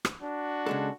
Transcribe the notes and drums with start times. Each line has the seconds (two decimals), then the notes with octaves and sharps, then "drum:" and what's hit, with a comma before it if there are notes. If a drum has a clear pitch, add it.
0.05 drum: rim click
0.22 D4 F#4
0.66 C#3 G#3 A4